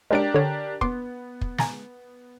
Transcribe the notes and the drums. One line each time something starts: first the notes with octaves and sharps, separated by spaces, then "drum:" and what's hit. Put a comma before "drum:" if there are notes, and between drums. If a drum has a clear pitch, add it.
G#3 D4 G4 A#4 D7
D3 C#5
B3 C6 D6, drum: kick
drum: kick
G#5 A#5 A6, drum: snare